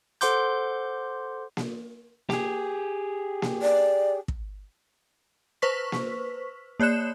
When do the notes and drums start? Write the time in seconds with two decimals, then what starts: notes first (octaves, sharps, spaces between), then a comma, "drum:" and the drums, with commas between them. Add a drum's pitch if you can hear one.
0.21 A4 C5 F#5 C6 D6 G6, drum: hi-hat
1.57 drum: snare A#3
2.30 G4 G#4, drum: snare A#3
3.42 drum: snare A#3
3.62 D5
4.28 drum: kick
5.62 B4 C5 C#6 B6
5.92 drum: snare A#3
6.80 A#3 C#5 D5 F#6 E7